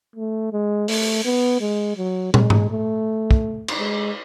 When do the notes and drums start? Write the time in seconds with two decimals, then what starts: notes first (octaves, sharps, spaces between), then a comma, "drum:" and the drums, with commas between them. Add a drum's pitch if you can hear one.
0.16 A3
0.53 G#3
0.88 A3, drum: open hi-hat
1.25 B3
1.61 G#3
1.97 F#3
2.34 G#3, drum: tom
2.50 drum: tom G#2
2.70 A3
3.31 drum: kick
3.68 drum: cymbal
3.78 G#3